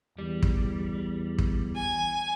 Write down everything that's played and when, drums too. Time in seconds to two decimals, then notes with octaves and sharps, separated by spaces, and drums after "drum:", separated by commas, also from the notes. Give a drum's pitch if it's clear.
0.18 E2 G3
0.42 drum: kick
1.38 drum: kick
1.76 G#5